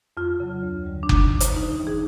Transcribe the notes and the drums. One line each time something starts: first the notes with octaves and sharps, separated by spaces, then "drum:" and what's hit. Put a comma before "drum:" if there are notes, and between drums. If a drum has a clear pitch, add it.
F2 F4
C#3 F#3
D2
D3 G3
D4
D2 D#4, drum: kick F#1
D3 G3
D#4, drum: hi-hat
A2 D#4
D#4
E3 G3
G#4